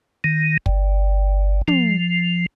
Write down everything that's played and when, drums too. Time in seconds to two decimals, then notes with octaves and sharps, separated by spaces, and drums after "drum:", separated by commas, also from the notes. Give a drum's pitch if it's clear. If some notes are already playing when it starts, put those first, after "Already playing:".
0.24 D#3
0.66 G1, drum: kick
1.68 F3, drum: tom